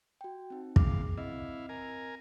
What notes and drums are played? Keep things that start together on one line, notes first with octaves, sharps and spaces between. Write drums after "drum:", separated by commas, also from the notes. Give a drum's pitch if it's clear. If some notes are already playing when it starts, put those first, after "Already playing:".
F#4 G5
C4 D#4
E2 A#3 G#4 F5 D6, drum: kick
C4 E4 D#5 F5
A#4 G#5